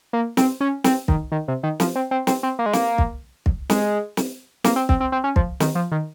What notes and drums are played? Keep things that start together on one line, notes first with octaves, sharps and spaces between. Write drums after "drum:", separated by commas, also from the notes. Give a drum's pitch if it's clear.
A#3
C4, drum: snare
C#4
C4, drum: snare
D#3, drum: kick
D#3
C3
D#3
F3, drum: snare
C4
C4
C4, drum: snare
C4
A#3
G#3
A#3, drum: snare
drum: kick
drum: kick
G#3, drum: snare
drum: snare
A#3, drum: snare
C4
C4, drum: kick
C4
C4
C#4
F3, drum: kick
D#3, drum: snare
F3
D#3